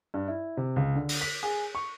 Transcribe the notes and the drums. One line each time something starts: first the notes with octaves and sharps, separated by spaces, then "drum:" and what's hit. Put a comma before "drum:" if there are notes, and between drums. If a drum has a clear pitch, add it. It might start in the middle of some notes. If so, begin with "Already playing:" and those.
G2
E4
C3
C#2
D3
drum: open hi-hat
B6
G#4
C#6